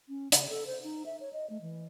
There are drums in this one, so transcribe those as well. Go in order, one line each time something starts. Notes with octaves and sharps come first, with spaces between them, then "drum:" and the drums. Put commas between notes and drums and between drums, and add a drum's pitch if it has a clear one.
C#4
C#3, drum: hi-hat
A4
C5
D#4
E5
C#5
D#5
A3
E3